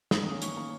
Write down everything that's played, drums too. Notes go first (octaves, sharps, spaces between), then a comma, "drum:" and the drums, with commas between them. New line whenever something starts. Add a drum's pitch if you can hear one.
D#3 D#6, drum: snare
A#3 C#4 D#6
D#3 C#6, drum: hi-hat
A#3 C#4